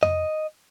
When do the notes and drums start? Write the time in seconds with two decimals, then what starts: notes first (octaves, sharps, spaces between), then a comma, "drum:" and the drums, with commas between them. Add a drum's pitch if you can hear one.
0.03 D#5, drum: tom F2